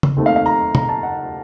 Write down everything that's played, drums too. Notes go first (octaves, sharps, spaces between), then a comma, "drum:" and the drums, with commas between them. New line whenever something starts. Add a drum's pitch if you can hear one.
drum: tom C#3
D#2 D#3 A3 C4
F5
F5
A#5
A#5, drum: tom
A5
F#5